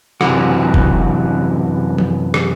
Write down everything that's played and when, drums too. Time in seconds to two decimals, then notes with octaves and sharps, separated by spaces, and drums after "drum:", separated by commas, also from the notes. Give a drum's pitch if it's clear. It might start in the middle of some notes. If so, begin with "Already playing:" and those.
0.21 F#2 C3 E3 F#4, drum: rim click
0.74 drum: kick F1
1.98 drum: tom F3
2.34 drum: rim click